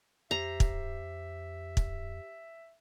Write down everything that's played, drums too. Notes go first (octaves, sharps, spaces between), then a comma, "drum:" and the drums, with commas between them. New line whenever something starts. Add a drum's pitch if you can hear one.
F2 G4 C5 E5 A#5 C7
drum: kick
drum: kick